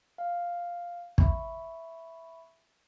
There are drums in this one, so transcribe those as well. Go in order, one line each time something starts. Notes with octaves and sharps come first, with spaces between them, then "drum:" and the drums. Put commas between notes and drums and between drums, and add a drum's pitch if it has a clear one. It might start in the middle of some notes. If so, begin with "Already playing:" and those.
F5
E5 B5 C#6, drum: kick